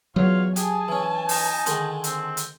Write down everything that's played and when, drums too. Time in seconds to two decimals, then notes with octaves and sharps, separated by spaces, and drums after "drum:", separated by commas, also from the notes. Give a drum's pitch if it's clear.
0.16 E2 F#3 F4 C#5
0.56 G4 G#4 G#5 A5, drum: hi-hat
0.88 E3 C#4
1.29 D#4, drum: open hi-hat
1.66 D3 D#3 G#3, drum: hi-hat
2.04 C4, drum: hi-hat
2.37 drum: hi-hat